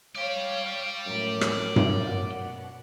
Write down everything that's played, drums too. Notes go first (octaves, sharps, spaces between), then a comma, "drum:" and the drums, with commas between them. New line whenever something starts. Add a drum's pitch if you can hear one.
C#5 D5 F5 G5
F#2 A2
drum: rim click
drum: tom G2
B2 F#5